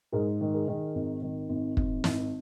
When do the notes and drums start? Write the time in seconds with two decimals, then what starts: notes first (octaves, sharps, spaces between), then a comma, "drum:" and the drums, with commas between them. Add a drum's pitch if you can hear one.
0.12 G#2 G#4 A#4
0.41 D#3
0.54 G#4 A#4
0.68 D#3
0.95 G#1
1.22 D#3
1.49 G#1
1.77 G#1, drum: kick
2.04 G#1, drum: snare